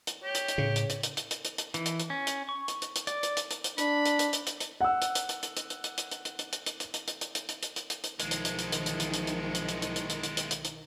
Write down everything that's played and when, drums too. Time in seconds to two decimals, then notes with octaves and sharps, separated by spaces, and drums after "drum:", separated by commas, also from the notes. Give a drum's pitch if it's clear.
0.07 drum: hi-hat
0.24 G4 C#5
0.35 drum: hi-hat
0.49 drum: hi-hat
0.58 A2 C#3
0.76 drum: hi-hat
0.90 drum: hi-hat
1.03 drum: hi-hat
1.17 drum: hi-hat
1.31 drum: hi-hat
1.45 drum: hi-hat
1.58 drum: hi-hat
1.74 E3, drum: hi-hat
1.86 drum: hi-hat
2.00 drum: hi-hat
2.10 C#4
2.27 drum: hi-hat
2.49 C#6
2.68 drum: hi-hat
2.82 drum: hi-hat
2.96 drum: hi-hat
3.07 D5, drum: hi-hat
3.23 drum: hi-hat
3.37 drum: hi-hat
3.51 drum: hi-hat
3.64 drum: hi-hat
3.78 D4 B5, drum: hi-hat
4.06 drum: hi-hat
4.19 drum: hi-hat
4.33 drum: hi-hat
4.47 drum: hi-hat
4.60 drum: hi-hat
4.81 F#5 E6
5.02 drum: hi-hat
5.15 drum: hi-hat
5.29 drum: hi-hat
5.43 drum: hi-hat
5.57 drum: hi-hat
5.70 drum: hi-hat
5.84 drum: hi-hat
5.98 drum: hi-hat
6.12 drum: hi-hat
6.25 drum: hi-hat
6.39 drum: hi-hat
6.53 drum: hi-hat
6.66 drum: hi-hat
6.80 drum: hi-hat
6.94 drum: hi-hat
7.08 drum: hi-hat
7.21 drum: hi-hat
7.35 drum: hi-hat
7.49 drum: hi-hat
7.63 drum: hi-hat
7.76 drum: hi-hat
7.90 drum: hi-hat
8.04 drum: hi-hat
8.20 B1 D#3 F3 G#3 A#3 E4 C#7, drum: hi-hat
8.31 drum: hi-hat
8.45 drum: hi-hat
8.59 drum: hi-hat
8.72 drum: hi-hat
8.86 drum: hi-hat
9.00 drum: hi-hat
9.14 drum: hi-hat
9.27 drum: hi-hat
9.55 drum: hi-hat
9.69 drum: hi-hat
9.82 drum: hi-hat
9.96 drum: hi-hat
10.10 drum: hi-hat
10.23 drum: hi-hat
10.37 drum: hi-hat
10.51 drum: hi-hat
10.65 drum: hi-hat